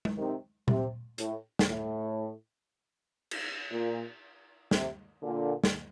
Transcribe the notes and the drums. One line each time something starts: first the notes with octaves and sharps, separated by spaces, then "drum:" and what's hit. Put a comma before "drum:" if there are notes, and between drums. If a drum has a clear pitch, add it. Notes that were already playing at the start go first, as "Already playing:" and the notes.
drum: tom
C3 D#3
C3, drum: tom A#2
A2, drum: hi-hat
drum: snare
A2
drum: cymbal
A#2
C3, drum: snare
A#2 D3
drum: snare